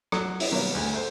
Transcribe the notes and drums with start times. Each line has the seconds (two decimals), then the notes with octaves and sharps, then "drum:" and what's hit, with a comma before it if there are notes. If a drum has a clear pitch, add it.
0.12 F#3, drum: rim click
0.40 E4, drum: open hi-hat
0.52 B2 D#3 F#3 G3 A#3
0.75 D2 G#5
0.93 A3 C5